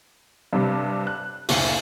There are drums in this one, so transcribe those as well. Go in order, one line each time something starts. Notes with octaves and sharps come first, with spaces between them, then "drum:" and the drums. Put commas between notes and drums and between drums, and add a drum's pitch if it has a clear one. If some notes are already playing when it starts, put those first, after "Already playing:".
G2 C3 G3
F#6
F#1 D2 A#2 C7 C#7, drum: open hi-hat